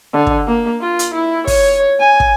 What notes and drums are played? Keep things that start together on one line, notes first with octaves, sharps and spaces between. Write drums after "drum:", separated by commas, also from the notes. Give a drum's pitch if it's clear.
D3
drum: kick
A#3
F4
drum: hi-hat
E4
C#5, drum: kick, open hi-hat
G#5
drum: kick